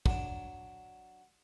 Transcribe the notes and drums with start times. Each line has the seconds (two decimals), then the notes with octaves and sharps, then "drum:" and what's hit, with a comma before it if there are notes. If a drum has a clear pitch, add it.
0.06 F#3 D4, drum: kick